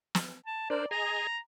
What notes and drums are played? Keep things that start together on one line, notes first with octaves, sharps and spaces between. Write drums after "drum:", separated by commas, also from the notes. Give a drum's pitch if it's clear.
drum: snare
A5
D4 A#4 C5 D5
G#4 D#5 G#5 A#5